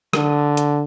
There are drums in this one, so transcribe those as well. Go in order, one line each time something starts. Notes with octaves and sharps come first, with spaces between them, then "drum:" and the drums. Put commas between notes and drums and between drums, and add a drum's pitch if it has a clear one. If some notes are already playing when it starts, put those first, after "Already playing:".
D3, drum: rim click
drum: hi-hat